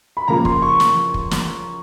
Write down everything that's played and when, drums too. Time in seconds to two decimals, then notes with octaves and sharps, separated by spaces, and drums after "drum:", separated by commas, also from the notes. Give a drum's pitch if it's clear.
0.17 B5
0.28 C#3 F3 A#3 A#5
0.45 C6, drum: kick
0.62 C#6
0.80 drum: snare
1.14 drum: kick
1.31 drum: snare